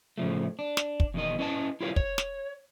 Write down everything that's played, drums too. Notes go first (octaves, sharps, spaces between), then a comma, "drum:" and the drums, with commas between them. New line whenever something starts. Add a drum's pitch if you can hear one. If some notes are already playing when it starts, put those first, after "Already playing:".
A2 C#3 F3 A3
D4
drum: snare
drum: kick
E2 B2 D#3 D#5
C#4 E4 B4 D#5 F5 A5
E4 F4 G4 B4 C#5 F5
C#5, drum: kick
drum: snare